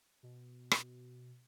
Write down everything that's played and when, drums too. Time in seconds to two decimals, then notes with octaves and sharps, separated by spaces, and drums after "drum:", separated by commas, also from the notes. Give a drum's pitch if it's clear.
0.23 B2
0.71 drum: rim click